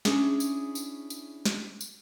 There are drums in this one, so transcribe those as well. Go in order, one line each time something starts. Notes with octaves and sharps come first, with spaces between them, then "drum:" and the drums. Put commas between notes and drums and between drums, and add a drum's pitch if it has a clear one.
C#4 D4 E4 G#4 C#5, drum: snare
drum: tambourine
drum: tambourine
drum: tambourine
drum: snare
drum: tambourine